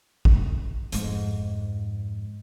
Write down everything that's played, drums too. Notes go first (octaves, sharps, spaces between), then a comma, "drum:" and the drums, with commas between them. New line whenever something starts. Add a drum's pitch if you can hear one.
drum: kick
F2 G#2, drum: hi-hat